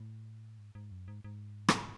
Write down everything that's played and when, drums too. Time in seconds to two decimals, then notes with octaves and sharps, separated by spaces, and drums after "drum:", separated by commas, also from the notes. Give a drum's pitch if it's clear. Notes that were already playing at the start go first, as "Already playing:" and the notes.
Already playing: A2
0.59 G#2
0.75 G#2
0.91 F#2
1.08 G#2
1.24 G#2
1.68 drum: rim click